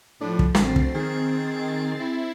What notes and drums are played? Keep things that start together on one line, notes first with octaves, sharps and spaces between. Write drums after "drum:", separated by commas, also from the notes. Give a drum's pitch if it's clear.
A2 F3 D4
drum: kick
A1 D2 C4 A6 C7, drum: snare
drum: kick
D#3 G#4
E4